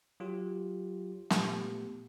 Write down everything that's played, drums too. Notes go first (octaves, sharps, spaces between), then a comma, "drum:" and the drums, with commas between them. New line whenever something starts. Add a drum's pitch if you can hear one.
F#3 F4 G4
A#2 A3 B3 G4, drum: snare